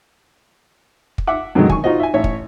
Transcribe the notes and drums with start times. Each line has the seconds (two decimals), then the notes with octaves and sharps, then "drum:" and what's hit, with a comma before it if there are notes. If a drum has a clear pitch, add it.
1.18 drum: kick
1.27 E5 F#5 D6
1.55 F#2 B2 D3 D#3 F#3 G#3
1.70 G#5 C#6, drum: kick
1.84 D#4 F4 F#4 C5 D#5
2.00 E5 G#5
2.14 A1 C#5 E5
2.24 drum: kick